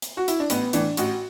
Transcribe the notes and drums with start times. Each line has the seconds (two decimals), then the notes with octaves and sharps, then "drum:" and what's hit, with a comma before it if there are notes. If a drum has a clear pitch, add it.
0.02 drum: hi-hat
0.17 F#4
0.28 E4, drum: hi-hat
0.40 D4
0.50 A1 B3, drum: hi-hat
0.73 A2 E3 D4, drum: hi-hat
0.97 A1 F#4, drum: hi-hat